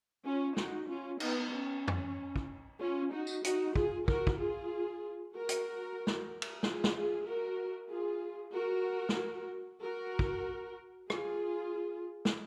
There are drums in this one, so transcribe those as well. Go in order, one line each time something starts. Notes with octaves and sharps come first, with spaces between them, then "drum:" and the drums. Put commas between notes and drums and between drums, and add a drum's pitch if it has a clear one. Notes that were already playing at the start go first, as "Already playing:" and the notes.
C#4 F4
D#4 F#4, drum: snare
C#4 F4
B3 D#4, drum: cymbal
C#4
drum: tom F2
drum: kick
C#4 F4
D#4 F#4
drum: tambourine
D#4 F#4, drum: hi-hat
F4 G#4, drum: kick
F#4 A#4, drum: kick
drum: kick
F4 G#4
F#4 A#4
drum: hi-hat
drum: snare
drum: cymbal
F4 G#4, drum: snare
drum: snare
F4 G#4
F#4 A#4
F4 G#4
F#4 A#4
drum: snare
F#4 A#4
drum: kick
F4 G#4, drum: rim click
drum: snare